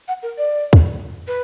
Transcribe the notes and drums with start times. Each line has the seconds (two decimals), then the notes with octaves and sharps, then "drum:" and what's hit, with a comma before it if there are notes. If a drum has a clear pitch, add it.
0.08 F#5
0.23 A#4
0.38 D5
0.73 drum: kick
1.28 B4